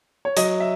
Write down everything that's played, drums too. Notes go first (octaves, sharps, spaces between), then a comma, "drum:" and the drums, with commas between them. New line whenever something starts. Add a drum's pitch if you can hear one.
C#5
F#3 D#5, drum: hi-hat
E5